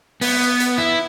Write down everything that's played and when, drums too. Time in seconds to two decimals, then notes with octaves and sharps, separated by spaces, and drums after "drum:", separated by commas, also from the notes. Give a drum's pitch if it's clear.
0.21 B3, drum: open hi-hat
0.60 drum: hi-hat
0.78 E4